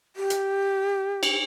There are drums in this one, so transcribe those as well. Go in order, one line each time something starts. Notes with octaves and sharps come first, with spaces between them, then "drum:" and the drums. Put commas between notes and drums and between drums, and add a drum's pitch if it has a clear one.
G4
drum: hi-hat
drum: cymbal